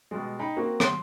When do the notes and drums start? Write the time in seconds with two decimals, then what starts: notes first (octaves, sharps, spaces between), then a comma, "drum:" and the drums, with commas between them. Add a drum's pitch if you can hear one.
0.11 B2 G3 G#3
0.39 D#4 G5 B5
0.57 A#3 C4 F#4
0.80 C6, drum: rim click